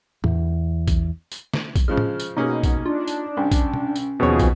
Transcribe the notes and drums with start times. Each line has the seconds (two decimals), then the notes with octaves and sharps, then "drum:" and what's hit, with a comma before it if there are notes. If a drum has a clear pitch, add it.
0.24 E2, drum: tom A2
0.88 drum: kick, tambourine
1.32 drum: tambourine
1.54 drum: snare
1.76 drum: kick, tambourine
1.88 C#3 F3 G#3 F6
1.98 drum: tom A2
2.20 drum: tambourine
2.37 B2 A#3 C#4 D#4 G#4
2.64 drum: kick, tambourine
2.86 D4 F4
3.08 drum: tambourine
3.37 C2 C#4
3.51 drum: kick, tambourine
3.73 drum: tom B2
3.95 drum: tambourine
4.20 D#2 B2 F3 B3 C4 G#4 C#5
4.39 drum: kick, tambourine